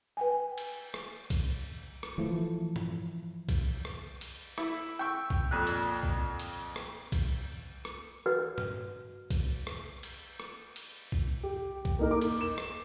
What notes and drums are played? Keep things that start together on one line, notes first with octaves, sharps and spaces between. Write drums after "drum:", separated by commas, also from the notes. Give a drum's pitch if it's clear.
B4 G5 G#5
drum: cymbal
drum: rim click
drum: kick B1, cymbal
drum: rim click
E3 F3 A3
drum: tom G2
drum: kick B1, cymbal
drum: rim click
drum: cymbal
E4, drum: rim click
G5 C#6 E6
drum: kick B1
F2 A#2 F#6
drum: cymbal
drum: kick B1
drum: cymbal
drum: rim click
drum: kick B1, cymbal
drum: rim click
F#4 B4
drum: tom G2
drum: kick B1, cymbal
drum: rim click
drum: cymbal
drum: rim click
drum: cymbal
drum: kick B1
G4
drum: kick B1
A#3 D#4 A#4
D6
drum: cymbal
E7
drum: rim click